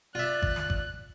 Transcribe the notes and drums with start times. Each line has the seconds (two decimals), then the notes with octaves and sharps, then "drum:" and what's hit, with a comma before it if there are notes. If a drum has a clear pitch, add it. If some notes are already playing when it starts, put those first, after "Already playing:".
0.15 F4 D5 E5 F#6
0.42 drum: kick G#1
0.56 drum: snare
0.70 drum: kick G#1